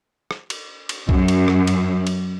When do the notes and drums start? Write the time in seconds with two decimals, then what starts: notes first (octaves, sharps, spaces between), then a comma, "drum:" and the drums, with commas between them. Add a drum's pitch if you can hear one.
0.31 drum: rim click
0.50 drum: cymbal
0.89 drum: cymbal
1.09 F#2, drum: kick B1
1.28 drum: cymbal
1.48 drum: rim click
1.67 drum: cymbal
2.07 drum: cymbal